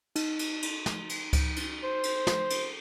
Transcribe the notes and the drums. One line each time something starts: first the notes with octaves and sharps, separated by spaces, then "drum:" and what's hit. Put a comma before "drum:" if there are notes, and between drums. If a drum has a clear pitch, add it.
D#4, drum: cymbal
drum: cymbal
drum: cymbal
drum: snare
drum: cymbal
drum: kick C#2, cymbal
drum: cymbal
C5
drum: cymbal
drum: snare
drum: cymbal